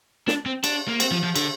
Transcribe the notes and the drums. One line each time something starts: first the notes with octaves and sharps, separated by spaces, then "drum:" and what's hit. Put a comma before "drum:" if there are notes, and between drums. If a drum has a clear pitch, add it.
D4, drum: snare
C4
D4, drum: cymbal
A#3
C4, drum: cymbal
F3
F3
D3, drum: cymbal